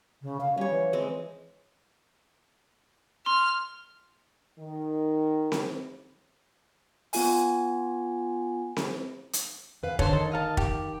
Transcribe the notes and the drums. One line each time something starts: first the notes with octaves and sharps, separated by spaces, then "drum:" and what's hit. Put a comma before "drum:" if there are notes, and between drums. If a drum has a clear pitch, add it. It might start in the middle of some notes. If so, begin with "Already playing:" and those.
C#3
F5
G3 C#4 C#5
E3
G#3 C4
C6 F6
D#3
drum: snare C4
B3 F4 G#5, drum: open hi-hat
drum: snare C4
drum: hi-hat
E2 B4 F5
D3 A4 C5 C#5, drum: kick
D#3 A4
D#5 F5 A5
G4, drum: kick